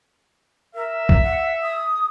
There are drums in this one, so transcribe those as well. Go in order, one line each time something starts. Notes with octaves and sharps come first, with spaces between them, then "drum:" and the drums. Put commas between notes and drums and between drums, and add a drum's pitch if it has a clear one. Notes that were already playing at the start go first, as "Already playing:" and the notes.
A#4 E5
drum: kick B1
F#5
D#6